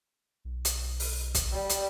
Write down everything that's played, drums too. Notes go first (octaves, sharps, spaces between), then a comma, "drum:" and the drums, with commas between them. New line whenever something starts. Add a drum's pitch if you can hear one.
B1
drum: hi-hat
drum: open hi-hat
drum: kick, hi-hat
G3
drum: hi-hat